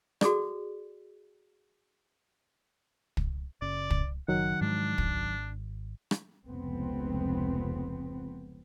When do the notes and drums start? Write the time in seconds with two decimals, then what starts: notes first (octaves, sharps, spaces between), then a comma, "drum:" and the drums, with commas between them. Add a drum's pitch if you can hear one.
0.21 F#4 G#4 A4 D5, drum: rim click
3.17 drum: kick
3.62 F#1 C#3 D5
3.91 drum: kick
4.28 F#1 D#3 F#3 F#5
4.61 G#2 F3 G#3 D4
4.98 G#1, drum: kick
6.11 drum: rim click
6.48 F1 C#2 B3 C4